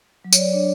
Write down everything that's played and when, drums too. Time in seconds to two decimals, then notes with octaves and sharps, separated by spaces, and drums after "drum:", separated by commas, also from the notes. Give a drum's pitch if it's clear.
0.24 F#3
0.33 C#5, drum: tambourine
0.38 D5
0.53 D4 C#5